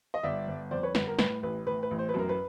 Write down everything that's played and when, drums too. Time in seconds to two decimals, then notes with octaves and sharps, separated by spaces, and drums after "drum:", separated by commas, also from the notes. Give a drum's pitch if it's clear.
0.14 D#5
0.23 G1 D5 E5
0.48 G1
0.71 F2 C5 D5
0.83 B4 C#5
0.95 G1 B4, drum: snare
1.07 A#4
1.19 A2 B4, drum: snare
1.43 A1 B4
1.67 A2 B4
1.83 B4
1.91 A1
1.99 C5
2.09 B4
2.14 F#2 A#4
2.29 B4